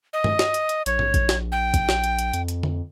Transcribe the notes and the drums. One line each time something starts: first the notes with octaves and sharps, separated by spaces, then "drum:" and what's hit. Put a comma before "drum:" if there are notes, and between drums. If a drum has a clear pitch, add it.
D#5
drum: tom G2
drum: snare
drum: hi-hat
drum: hi-hat
A#1 C#5, drum: hi-hat
drum: tom G#2
drum: kick, hi-hat
drum: snare
G5
drum: kick, hi-hat
drum: snare
drum: hi-hat
drum: hi-hat
F2, drum: hi-hat
drum: hi-hat
drum: tom D3